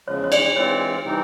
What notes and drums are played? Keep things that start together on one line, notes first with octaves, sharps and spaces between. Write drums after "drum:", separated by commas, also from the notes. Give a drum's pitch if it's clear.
E2 C#3 F3 G#3 C#5
C#5
D5, drum: cymbal
E3 G#3 C4 F4 C#5
C3 E3 G3 C4 D#4